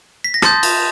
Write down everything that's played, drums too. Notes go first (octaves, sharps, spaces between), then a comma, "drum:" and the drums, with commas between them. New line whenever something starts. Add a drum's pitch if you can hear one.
B6
A#6
A5 C6 D#6 G6 A6, drum: rim click
drum: cymbal